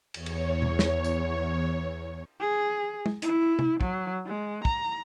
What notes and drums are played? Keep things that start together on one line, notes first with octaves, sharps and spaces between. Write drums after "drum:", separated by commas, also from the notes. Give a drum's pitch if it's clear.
E2 C#5, drum: cymbal
drum: cymbal
drum: tom B2
drum: snare
drum: tambourine
G#4
drum: tom
E4, drum: hi-hat
drum: tom C3
F#3, drum: kick
G#3
A#5, drum: kick